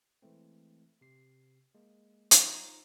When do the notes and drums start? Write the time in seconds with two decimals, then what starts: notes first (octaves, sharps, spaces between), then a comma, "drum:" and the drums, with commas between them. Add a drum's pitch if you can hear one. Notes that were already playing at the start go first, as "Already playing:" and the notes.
0.22 E3 G#3 A3 C4
1.01 C3 C7
1.75 G#3 A#3
2.31 drum: hi-hat
2.42 D#4 F4 C5 C#5 D#5 A#5